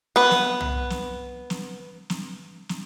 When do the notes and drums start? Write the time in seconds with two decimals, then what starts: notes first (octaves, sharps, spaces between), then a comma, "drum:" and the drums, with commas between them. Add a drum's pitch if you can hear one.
0.16 B3 B4
0.31 drum: snare
0.61 drum: tom
0.90 drum: snare
1.50 drum: snare
2.10 drum: snare
2.69 drum: snare